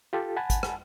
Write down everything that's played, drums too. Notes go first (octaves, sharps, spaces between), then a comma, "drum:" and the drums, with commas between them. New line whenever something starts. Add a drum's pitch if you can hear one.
F4 G4 A4
F#5 G#5 A5 B5
drum: kick G#1, hi-hat
drum: rim click